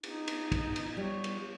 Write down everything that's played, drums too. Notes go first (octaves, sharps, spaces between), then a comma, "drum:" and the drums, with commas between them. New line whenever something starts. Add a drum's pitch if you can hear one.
D#4, drum: cymbal
drum: cymbal
drum: kick, cymbal
drum: cymbal
G3 C#5
drum: cymbal